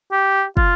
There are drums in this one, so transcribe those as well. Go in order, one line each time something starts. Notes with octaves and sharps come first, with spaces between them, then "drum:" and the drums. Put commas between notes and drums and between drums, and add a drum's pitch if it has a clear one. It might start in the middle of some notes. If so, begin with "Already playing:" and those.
G4
F4, drum: kick